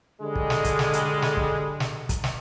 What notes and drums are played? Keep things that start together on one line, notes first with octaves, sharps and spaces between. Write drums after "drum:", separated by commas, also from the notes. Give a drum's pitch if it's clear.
D3 G3 G#3
drum: kick
drum: snare
drum: kick, hi-hat
drum: snare
drum: hi-hat
drum: snare
drum: kick
drum: snare
drum: kick, hi-hat
drum: snare